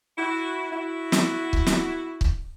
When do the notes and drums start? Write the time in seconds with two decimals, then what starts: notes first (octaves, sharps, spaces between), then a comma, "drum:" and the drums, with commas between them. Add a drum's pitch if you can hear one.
0.17 E4 F#4
0.71 E4 F#4
1.12 drum: snare
1.53 drum: kick
1.66 drum: snare
2.21 drum: kick